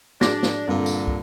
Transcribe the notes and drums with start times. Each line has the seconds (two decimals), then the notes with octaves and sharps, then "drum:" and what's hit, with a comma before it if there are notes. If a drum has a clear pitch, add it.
0.21 D4 F#4 G#4 D6 A#6, drum: snare
0.43 drum: snare
0.68 G2 A#2 D3 C4 A4 F5
0.86 drum: tambourine
1.08 drum: kick